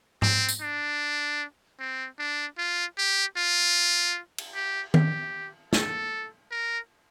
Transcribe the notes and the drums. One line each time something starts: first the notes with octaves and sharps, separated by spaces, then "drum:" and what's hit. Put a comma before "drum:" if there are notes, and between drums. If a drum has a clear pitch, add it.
C4, drum: tom G#2
drum: tambourine
D4
C4
D4
F4
G4
F4
drum: cymbal
G4
G4, drum: tom D#3
A4, drum: snare
A#4